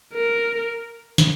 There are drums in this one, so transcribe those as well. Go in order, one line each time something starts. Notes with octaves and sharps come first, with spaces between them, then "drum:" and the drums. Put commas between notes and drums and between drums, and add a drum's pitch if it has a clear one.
A#4
drum: snare